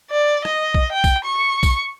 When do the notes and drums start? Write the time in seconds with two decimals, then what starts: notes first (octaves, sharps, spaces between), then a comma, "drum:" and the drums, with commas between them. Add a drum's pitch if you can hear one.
0.10 D5
0.45 D#5, drum: rim click
0.74 drum: kick
0.92 G5
1.04 drum: kick, tambourine
1.25 C#6
1.63 drum: kick, tambourine